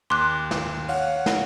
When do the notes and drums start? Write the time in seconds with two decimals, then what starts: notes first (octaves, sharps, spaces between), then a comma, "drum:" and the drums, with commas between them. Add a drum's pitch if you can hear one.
0.10 D#2 C6 D6 F#6
0.51 drum: snare
0.88 C#5 F5 F#5, drum: open hi-hat
1.26 drum: snare